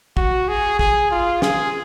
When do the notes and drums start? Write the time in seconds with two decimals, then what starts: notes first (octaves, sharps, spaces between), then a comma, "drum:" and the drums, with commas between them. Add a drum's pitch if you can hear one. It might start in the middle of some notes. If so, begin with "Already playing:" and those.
0.17 F#4, drum: kick
0.48 G#4
0.79 G#4, drum: kick
1.11 F4
1.42 G#4, drum: snare